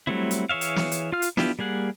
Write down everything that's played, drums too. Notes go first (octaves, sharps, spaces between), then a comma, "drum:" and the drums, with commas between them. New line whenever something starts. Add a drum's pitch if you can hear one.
F#3 G3 A3 C4 E4
drum: hi-hat
E3 G#4 C#5 E5 F5
drum: hi-hat
drum: snare
drum: hi-hat
F4 F5 F6
drum: hi-hat
B3 D4 E4 F4 G4, drum: snare
G3 A#3 G#4 F#5